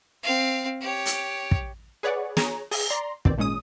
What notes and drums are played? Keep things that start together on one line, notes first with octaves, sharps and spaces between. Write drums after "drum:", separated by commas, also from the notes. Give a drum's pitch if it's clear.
C4 F5
G4 C#5
drum: hi-hat
drum: kick
G#4 B4 C#5 D5 F#5
G#4 C#5 A#5, drum: snare
G#4, drum: open hi-hat
D5 A#5 C6
A#1 B2 D#3 C4 D5, drum: kick
G#1 A#2 G#3 C#4 D#6